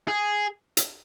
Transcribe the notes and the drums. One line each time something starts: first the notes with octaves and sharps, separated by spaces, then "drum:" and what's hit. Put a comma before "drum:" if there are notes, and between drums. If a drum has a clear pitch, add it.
G#4
drum: hi-hat